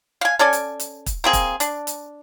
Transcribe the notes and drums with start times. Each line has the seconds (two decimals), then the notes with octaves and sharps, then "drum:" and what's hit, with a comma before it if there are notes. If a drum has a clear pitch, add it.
0.21 F5 G#5
0.39 C#4 A4 D5 G#5
0.53 drum: hi-hat
0.80 drum: hi-hat
1.06 drum: kick, hi-hat
1.24 A#3 C4 G#4
1.33 drum: kick, hi-hat
1.60 D4, drum: hi-hat
1.87 drum: hi-hat